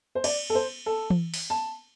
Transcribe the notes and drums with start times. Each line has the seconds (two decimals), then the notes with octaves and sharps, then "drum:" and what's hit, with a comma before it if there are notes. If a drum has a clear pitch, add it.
0.15 C5
0.24 D5, drum: cymbal
0.50 A4
0.55 C5
0.86 A4
1.10 drum: tom E3
1.34 drum: open hi-hat
1.50 A5